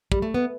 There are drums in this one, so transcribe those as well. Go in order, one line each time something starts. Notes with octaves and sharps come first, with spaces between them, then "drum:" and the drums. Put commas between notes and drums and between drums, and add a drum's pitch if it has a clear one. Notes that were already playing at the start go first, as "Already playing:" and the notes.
G3, drum: kick
A3
B3